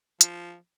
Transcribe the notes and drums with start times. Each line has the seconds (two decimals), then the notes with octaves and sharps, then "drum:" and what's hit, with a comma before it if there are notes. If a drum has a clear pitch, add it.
0.21 F3, drum: hi-hat